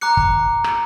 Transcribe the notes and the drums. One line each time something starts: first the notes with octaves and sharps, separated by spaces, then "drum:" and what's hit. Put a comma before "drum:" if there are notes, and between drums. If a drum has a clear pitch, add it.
A#5 D6 F#6 C#7
drum: kick
drum: rim click